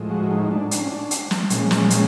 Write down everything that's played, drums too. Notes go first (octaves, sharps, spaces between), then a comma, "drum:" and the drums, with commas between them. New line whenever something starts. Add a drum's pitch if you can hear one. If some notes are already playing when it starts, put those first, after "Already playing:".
Already playing: A2 F3 G#3
F#4
D#4
D4
D4, drum: hi-hat
C#4
D4
drum: hi-hat
drum: snare
A#2 F3 G#3 C#4, drum: hi-hat
drum: snare
C#4, drum: hi-hat